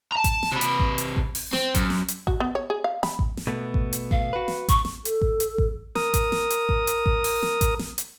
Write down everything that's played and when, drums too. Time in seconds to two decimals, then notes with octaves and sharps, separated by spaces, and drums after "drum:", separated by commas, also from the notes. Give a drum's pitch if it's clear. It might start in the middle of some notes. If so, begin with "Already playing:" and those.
0.12 A5 A#5
0.24 drum: kick A1, hi-hat
0.43 drum: snare
0.52 C3 B4
0.61 drum: hi-hat
0.79 drum: kick A1
0.98 drum: hi-hat
1.16 drum: kick A1
1.35 drum: open hi-hat
1.53 C4, drum: snare
1.75 F#2, drum: kick A1, hi-hat
1.90 drum: snare
2.08 drum: hi-hat
2.27 F#4, drum: kick A1
2.40 B3
2.55 C#5
2.70 G#4
2.84 F5
3.03 B5, drum: snare
3.19 drum: kick A1
3.37 drum: snare
3.47 B2 A3 B3
3.74 drum: kick A1
3.93 drum: hi-hat
4.11 F5, drum: kick A1
4.33 F#4 B4
4.48 drum: snare
4.69 C#6, drum: kick A1, hi-hat
4.85 drum: snare
5.05 A4, drum: hi-hat
5.22 drum: kick A1
5.40 drum: hi-hat
5.58 drum: kick A1
5.95 A#4 D#6, drum: snare
6.14 drum: kick A1, hi-hat
6.32 drum: snare
6.50 drum: hi-hat
6.69 drum: kick A1
6.87 drum: hi-hat
7.06 drum: kick A1
7.24 drum: open hi-hat
7.43 drum: snare
7.61 drum: kick A1, hi-hat
7.79 drum: snare
7.98 drum: hi-hat